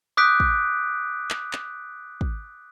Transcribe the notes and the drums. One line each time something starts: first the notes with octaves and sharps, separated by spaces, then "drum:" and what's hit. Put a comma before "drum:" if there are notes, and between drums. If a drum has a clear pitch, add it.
D6 D#6 F#6 G6 B6 D7
drum: kick
drum: clap
drum: clap
drum: kick